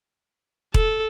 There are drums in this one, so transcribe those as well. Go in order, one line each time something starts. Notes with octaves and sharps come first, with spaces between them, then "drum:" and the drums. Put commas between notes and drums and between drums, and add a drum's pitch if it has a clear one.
A4, drum: kick E1